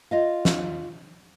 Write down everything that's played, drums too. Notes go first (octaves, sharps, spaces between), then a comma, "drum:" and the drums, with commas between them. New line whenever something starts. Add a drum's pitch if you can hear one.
F4 D#5 F5
drum: snare